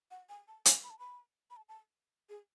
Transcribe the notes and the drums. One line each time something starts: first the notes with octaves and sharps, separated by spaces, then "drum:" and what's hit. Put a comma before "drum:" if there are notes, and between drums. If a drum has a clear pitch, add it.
F#5
G#5
A5
G#5, drum: hi-hat
B5
A5
B5
B5
A5
A5
G#4